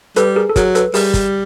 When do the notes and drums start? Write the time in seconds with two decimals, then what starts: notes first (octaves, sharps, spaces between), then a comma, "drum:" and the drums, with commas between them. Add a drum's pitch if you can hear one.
0.16 G3 A4 B4, drum: hi-hat
0.36 G#4 A#4
0.49 A4
0.56 F#3 G#4 A#4, drum: kick, hi-hat
0.75 A4 B4, drum: hi-hat
0.94 G3 G#4 A#4, drum: open hi-hat
1.14 drum: kick, hi-hat